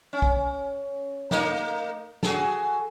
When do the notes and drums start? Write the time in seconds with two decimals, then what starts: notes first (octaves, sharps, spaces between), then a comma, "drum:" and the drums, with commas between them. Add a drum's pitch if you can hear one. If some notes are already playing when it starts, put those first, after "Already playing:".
0.13 C#4
0.22 drum: kick
1.31 A3 A#3 D#4, drum: snare
2.23 F#4 G#4 A4, drum: snare